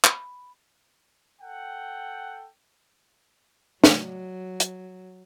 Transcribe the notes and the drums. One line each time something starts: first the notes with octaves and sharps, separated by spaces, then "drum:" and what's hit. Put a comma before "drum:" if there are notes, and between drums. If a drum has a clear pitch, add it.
B5, drum: clap
A4 F#5 G5
F#3, drum: snare
drum: hi-hat